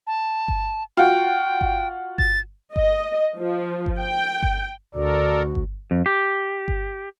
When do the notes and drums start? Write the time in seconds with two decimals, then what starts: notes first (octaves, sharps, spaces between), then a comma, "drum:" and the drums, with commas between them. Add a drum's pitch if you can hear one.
0.07 A5
0.48 drum: kick G1
0.97 F4 F#4 G5
1.61 drum: kick G1
2.18 A6, drum: kick G1
2.76 D#5, drum: kick G1
3.37 F3
3.86 drum: kick G1
4.00 G5
4.43 drum: kick G1
4.95 D2 F#4 A4 A#4 D5
5.55 drum: kick G1
5.91 F2
6.06 G4
6.68 drum: kick G1